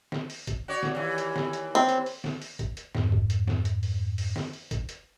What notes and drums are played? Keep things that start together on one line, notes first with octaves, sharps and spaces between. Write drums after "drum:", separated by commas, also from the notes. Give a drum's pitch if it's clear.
drum: snare
drum: open hi-hat
drum: kick, hi-hat
F#4 C#5 D5
drum: snare
D#2 E3
drum: hi-hat
drum: snare
drum: hi-hat
C4
drum: hi-hat
drum: open hi-hat
drum: snare
drum: open hi-hat
drum: kick, hi-hat
drum: hi-hat
F2 G#2, drum: snare
drum: kick
drum: hi-hat
drum: snare
drum: hi-hat
drum: open hi-hat
drum: open hi-hat
drum: snare
drum: open hi-hat
drum: kick, hi-hat
drum: hi-hat